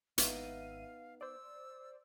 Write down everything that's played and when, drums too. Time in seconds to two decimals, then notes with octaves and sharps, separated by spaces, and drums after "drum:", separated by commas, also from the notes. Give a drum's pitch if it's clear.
0.18 G#1 B3 D#4 E5 F5 D#7, drum: hi-hat
1.21 C5 D5 E6